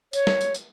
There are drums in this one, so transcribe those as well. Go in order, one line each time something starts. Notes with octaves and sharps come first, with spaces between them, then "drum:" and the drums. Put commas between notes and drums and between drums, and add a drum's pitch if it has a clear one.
C#5, drum: tambourine
drum: snare
drum: tambourine
drum: tambourine